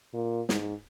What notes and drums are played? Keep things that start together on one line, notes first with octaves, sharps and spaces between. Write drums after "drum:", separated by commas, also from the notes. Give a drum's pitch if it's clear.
A#2
G#2, drum: snare